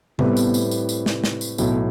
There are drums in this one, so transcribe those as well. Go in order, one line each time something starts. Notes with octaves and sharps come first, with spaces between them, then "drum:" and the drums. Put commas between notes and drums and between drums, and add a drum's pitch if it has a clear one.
A2 G3 B3 C4 E4 B4, drum: tom C3
drum: tambourine
drum: tambourine
drum: tambourine
drum: tambourine
drum: snare
drum: snare
drum: tambourine
B1 A2 F#3 B3, drum: tambourine